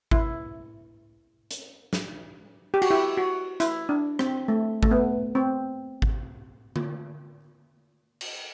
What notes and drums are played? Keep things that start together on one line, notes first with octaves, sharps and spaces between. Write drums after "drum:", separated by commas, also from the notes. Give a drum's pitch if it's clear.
E4, drum: kick G#1
drum: hi-hat
drum: snare
G4
F#4, drum: cymbal
E4 G4
F#4
E4, drum: hi-hat
D4
C4, drum: rim click
A3
A3, drum: kick G#1
B3
C4
drum: kick G#1
drum: tom D3
drum: cymbal